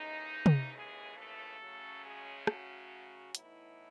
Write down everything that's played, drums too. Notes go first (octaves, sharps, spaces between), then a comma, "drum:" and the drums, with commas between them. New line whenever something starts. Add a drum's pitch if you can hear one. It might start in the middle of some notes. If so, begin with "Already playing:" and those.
Already playing: D#2 C#3 E3 G#3 D#4
drum: tom
G#3 G#4
A3 A4
C#3 F#3 A3 C#4
G#3 G#4
F#3 F#4, drum: rim click
A2 E3 B3 D#4 E4, drum: hi-hat